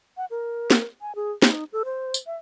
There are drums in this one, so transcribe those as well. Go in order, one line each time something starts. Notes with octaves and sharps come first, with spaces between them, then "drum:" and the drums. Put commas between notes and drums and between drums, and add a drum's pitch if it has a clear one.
F#5
A#4
drum: snare
G#5
G#4
D#4, drum: snare
A4
C5
drum: tambourine
E5